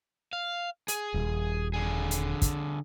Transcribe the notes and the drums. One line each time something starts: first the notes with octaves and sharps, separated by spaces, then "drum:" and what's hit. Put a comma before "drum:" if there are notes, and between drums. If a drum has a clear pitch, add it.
F5
G#4, drum: hi-hat
D#1
D3 G#4
drum: hi-hat
drum: kick, hi-hat